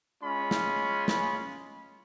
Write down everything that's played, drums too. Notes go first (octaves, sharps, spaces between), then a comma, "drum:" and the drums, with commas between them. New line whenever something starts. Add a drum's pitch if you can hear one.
G#3 C#4 F4 B5
drum: snare
B5, drum: snare